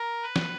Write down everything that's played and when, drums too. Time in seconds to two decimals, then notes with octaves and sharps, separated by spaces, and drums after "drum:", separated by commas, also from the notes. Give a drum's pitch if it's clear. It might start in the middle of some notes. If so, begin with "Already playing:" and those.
Already playing: A#4
0.22 B4
0.36 drum: snare